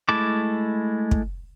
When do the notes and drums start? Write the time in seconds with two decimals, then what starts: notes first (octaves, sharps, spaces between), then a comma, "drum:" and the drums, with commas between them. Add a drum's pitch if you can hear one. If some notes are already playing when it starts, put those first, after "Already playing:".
0.09 G#3 A3 E4 A5 D6
1.11 drum: kick